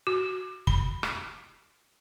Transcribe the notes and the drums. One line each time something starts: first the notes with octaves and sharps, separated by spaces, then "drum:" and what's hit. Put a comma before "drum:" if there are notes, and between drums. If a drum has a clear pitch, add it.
F#4
B5, drum: kick
drum: rim click